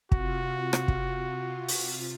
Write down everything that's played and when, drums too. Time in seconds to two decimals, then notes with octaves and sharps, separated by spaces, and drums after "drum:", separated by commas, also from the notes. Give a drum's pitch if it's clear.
0.12 C3 F4 F#4, drum: kick
0.73 drum: rim click
0.88 drum: kick
1.68 drum: open hi-hat